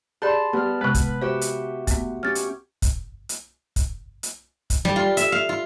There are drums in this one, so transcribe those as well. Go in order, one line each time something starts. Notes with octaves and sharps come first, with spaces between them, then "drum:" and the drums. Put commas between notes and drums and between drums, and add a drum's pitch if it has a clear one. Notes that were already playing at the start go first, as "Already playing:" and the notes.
G4 G#4 D5 A5 B5 C6
G3 B3 F6
C3 G#3 B4 F#6
drum: kick, hi-hat
F#4 G4 C5 E5
drum: hi-hat
A3 B3, drum: kick, hi-hat
C#4 G4 F6 A6
drum: hi-hat
drum: kick, hi-hat
drum: hi-hat
drum: kick, hi-hat
drum: hi-hat
drum: kick, hi-hat
G3
F4
E5, drum: hi-hat
F5
F4